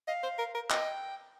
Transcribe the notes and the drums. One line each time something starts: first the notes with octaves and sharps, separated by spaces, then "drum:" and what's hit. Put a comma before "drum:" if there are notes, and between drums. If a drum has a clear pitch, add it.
D#5 F5
C5
A#4
A#4
D#5 G5, drum: clap